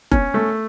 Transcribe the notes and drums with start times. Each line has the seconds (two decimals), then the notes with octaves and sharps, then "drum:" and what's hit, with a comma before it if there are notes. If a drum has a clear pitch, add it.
0.12 C#4, drum: kick F1
0.34 A3